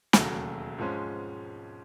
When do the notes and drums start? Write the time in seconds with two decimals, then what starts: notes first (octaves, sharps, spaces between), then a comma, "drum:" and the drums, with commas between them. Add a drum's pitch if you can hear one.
0.13 E1 D#2 C#3 F#3 A3, drum: snare
0.78 G#2 F3 G#3 C#4